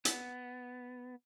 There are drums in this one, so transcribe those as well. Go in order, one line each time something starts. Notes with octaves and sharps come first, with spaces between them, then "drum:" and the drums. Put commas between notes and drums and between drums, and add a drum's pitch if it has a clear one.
B3, drum: hi-hat